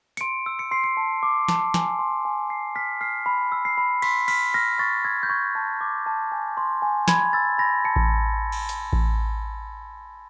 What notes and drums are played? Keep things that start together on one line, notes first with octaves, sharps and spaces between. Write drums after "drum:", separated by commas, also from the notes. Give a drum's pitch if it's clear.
C#7, drum: hi-hat
C6 D7
E6
C#7
C6 C7
C#7
A5
D6
A5, drum: snare
G#5, drum: snare
C6
G#5
C6 C7
F6 B6
F6 C7
B5
E6
C7
B5
C6 B6, drum: cymbal
F6 B6, drum: cymbal
F6 A#6
C#6 A6
E6 G#6
G6
C#6 G#6
A5
D6
A5
G#5
C6
G#5
B5 G#6, drum: snare
E6 A6
B5 A#6
A5 C#7
drum: kick A1
drum: cymbal
drum: hi-hat
drum: kick A1